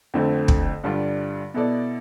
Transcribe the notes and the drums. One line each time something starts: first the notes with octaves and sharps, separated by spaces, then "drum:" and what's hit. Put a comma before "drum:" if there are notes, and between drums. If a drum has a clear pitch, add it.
F2 D3 A3 C4
drum: kick
G2 D3 G3 D4 F4
B2 B3 E4 A4 D5